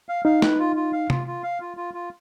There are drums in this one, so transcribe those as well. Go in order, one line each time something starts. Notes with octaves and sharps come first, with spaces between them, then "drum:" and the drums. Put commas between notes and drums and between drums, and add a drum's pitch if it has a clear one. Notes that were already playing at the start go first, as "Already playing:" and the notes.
F5
D#4 F5
B4, drum: snare
F4
F4
F5
F4, drum: tom
F4
F5
F4
F4
F4